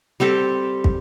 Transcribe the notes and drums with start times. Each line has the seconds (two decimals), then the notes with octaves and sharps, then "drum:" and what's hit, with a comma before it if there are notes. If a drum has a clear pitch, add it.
0.20 G3 C4 G4 A4
0.84 drum: kick